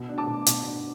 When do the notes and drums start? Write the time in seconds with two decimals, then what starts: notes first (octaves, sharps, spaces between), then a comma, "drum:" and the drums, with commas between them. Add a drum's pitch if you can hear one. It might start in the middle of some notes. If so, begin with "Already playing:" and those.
Already playing: B2
0.09 D4
0.18 A5 D6
0.27 B2
0.46 B2, drum: hi-hat
0.66 D4